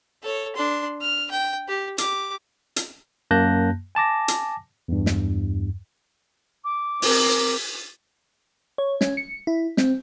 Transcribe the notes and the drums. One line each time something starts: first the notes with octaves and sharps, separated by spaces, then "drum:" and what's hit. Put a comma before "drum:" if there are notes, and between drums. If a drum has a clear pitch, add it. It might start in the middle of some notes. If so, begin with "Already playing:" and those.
A4 C#5
D4 C6
F6
G5
G4
G4 D6, drum: hi-hat
drum: hi-hat
F#2 A#3 A5 F#6 G6 A#6
G#5 A5 D6 A#6
drum: hi-hat
E2 G2
drum: snare
D6
C4 A#4, drum: open hi-hat
C#5
C#4, drum: snare
C#7
E4
C4, drum: snare